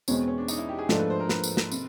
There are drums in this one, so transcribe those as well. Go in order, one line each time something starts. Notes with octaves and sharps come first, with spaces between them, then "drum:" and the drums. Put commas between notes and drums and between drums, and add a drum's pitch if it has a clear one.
E2 B2 G#3 C4 C#4, drum: tambourine
C#4
D4
D#4, drum: tambourine
E4
G4
G#4
G#2 F3 A3 D4 F4 A4, drum: snare
B4
C5
A#4
B4, drum: snare
drum: tambourine
drum: snare
C3, drum: tambourine